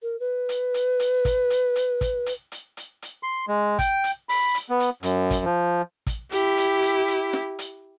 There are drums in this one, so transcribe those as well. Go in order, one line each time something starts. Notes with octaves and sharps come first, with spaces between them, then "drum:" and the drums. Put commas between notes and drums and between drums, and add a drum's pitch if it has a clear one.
A#4
B4
drum: hi-hat
drum: hi-hat
drum: hi-hat
drum: kick, hi-hat
drum: hi-hat
drum: hi-hat
drum: kick, hi-hat
drum: hi-hat
drum: hi-hat
drum: hi-hat
drum: hi-hat
C6
G#3
G5, drum: kick, hi-hat
drum: hi-hat
B5, drum: open hi-hat
drum: hi-hat
B3
drum: hi-hat
F#2, drum: hi-hat
drum: kick, hi-hat
F3
drum: kick, hi-hat
E4 G4, drum: hi-hat
drum: hi-hat
drum: hi-hat
drum: hi-hat
drum: snare
drum: hi-hat